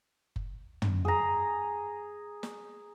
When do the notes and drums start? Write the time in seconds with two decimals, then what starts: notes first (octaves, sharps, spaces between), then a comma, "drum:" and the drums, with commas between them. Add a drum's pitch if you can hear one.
0.36 drum: kick F#1
0.82 drum: tom
1.05 G#4 A#5
2.43 drum: snare